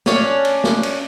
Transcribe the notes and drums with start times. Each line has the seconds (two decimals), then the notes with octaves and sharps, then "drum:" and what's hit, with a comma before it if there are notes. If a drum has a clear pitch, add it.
0.06 C#4 D4 C#5, drum: snare
0.45 drum: cymbal
0.64 drum: snare
0.83 drum: cymbal